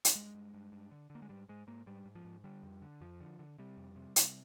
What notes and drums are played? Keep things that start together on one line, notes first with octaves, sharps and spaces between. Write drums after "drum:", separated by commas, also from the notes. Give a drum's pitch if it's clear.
drum: hi-hat
G2 G#3
G2
G2
G2
D3
D3
A#3
G#3
G#2 G3
G#2 G#3
G#2 A#3
G#2 G3
G#2
F3
G#2
D3 G3
F2
D3
F2 F3
D3
D3
C3 G3
F2
C3
C3, drum: hi-hat